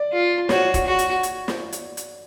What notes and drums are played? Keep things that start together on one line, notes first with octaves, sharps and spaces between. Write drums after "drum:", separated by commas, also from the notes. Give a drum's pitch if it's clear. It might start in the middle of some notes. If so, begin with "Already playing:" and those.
Already playing: D5
F4
F#4 C#5, drum: snare
drum: kick, hi-hat
F#4
drum: hi-hat
drum: hi-hat
drum: snare
drum: hi-hat
drum: hi-hat